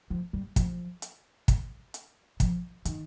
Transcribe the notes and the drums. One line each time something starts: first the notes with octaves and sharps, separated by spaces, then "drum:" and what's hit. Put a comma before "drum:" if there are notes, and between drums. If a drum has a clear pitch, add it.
F3
G3
F3, drum: kick, hi-hat
drum: hi-hat
drum: kick, hi-hat
drum: hi-hat
F3, drum: kick, hi-hat
D#3, drum: hi-hat